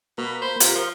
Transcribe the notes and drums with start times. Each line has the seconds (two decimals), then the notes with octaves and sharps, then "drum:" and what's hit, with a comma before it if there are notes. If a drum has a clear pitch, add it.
0.18 B2 A#3 B5
0.42 C5
0.60 C3 F4 A#4, drum: hi-hat
0.75 F3 C5